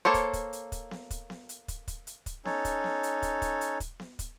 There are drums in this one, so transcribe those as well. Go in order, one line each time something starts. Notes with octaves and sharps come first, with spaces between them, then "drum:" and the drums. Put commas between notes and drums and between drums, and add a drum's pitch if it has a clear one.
A#3 A4 C5 C#5
drum: kick, hi-hat
drum: kick, hi-hat
drum: hi-hat
drum: kick, hi-hat
drum: snare B3
drum: kick, hi-hat
drum: snare B3
drum: hi-hat
drum: kick, hi-hat
drum: kick, hi-hat
drum: hi-hat
drum: kick, hi-hat
C#4 D#4 A4 C#5, drum: snare B3
drum: kick, hi-hat
drum: snare B3
drum: hi-hat
drum: kick, hi-hat
drum: kick, hi-hat
drum: hi-hat
drum: kick, hi-hat
drum: snare B3
drum: kick, hi-hat